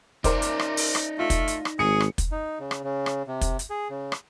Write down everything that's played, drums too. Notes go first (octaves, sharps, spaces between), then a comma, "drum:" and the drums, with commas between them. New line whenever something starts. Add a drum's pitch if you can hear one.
D#4 A#4 C5 D5 D6, drum: kick, hi-hat
drum: hi-hat
drum: rim click
drum: open hi-hat
drum: rim click
A3 F4
drum: kick, hi-hat
drum: hi-hat
drum: rim click
G#1 G#4 C#7
drum: rim click
drum: kick, hi-hat
D#4
C#3
drum: rim click
C#3
drum: rim click
C3
drum: kick, hi-hat
drum: hi-hat
G#4
C#3
drum: rim click